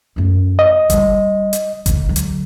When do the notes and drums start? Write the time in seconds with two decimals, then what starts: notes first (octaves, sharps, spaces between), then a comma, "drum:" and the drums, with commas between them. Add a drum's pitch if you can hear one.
0.16 F#2 A3
0.59 D#5
0.90 G3 D#4, drum: kick G1, hi-hat
1.53 drum: hi-hat
1.86 D2, drum: kick G1, hi-hat
2.06 D2 F#3
2.16 drum: hi-hat